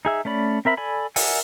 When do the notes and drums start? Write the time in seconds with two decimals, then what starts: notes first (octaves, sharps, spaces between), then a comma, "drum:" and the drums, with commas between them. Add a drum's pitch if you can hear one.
0.05 D#4 G#4 E5
0.25 A3 C#4 D5 B5
0.65 C4 A#4 E5 B5
0.77 A4 D5 G#5 B5
1.16 A#4 D5 E5 F#5 G#5, drum: open hi-hat